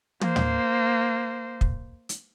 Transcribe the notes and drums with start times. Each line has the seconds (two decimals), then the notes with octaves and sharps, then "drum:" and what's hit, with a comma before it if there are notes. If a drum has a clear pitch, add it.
0.21 A#3 C5, drum: tom
0.36 drum: tom
1.61 drum: kick
2.09 drum: hi-hat